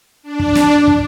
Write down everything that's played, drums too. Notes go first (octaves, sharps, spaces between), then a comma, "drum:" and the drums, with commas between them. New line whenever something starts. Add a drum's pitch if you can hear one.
D4
drum: kick
drum: snare
drum: kick